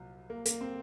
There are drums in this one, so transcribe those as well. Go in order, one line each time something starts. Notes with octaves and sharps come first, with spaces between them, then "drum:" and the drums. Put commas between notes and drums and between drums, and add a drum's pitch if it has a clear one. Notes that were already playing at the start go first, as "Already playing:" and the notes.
Already playing: C2 A#2 F#3
A#3
A#3, drum: hi-hat
C4